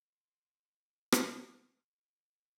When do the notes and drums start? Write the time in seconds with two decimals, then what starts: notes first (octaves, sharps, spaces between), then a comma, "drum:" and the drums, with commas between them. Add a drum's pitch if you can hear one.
0.04 C5
0.74 E4
1.12 drum: rim click
1.49 D#3 C6
1.97 F4 G#4
2.27 E5